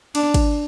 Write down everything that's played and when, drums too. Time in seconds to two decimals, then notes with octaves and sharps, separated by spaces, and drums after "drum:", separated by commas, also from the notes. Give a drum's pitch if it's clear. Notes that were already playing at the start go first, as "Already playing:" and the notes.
0.15 D4, drum: cymbal
0.34 drum: kick, cymbal